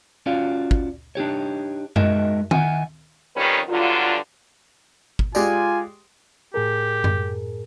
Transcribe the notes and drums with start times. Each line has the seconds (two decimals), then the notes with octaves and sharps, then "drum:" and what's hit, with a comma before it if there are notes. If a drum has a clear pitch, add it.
0.26 C#4 F4 F#4 D5 F5
0.71 drum: kick
1.15 D4 D#4 G4 C#5
1.96 G#3 D#4 F#4 A#4 D#5 E5, drum: tom F#2
2.51 D#3 E5 F#5 G#5, drum: tom D#3
3.36 F2 D#3 G3 C#4 B4
3.68 G2 D3 F#3 F4
5.19 drum: kick
5.35 G#3 F4 G4 D5 G#5, drum: tambourine
6.54 A2 G4 G#4 A#4
7.04 drum: tom F#2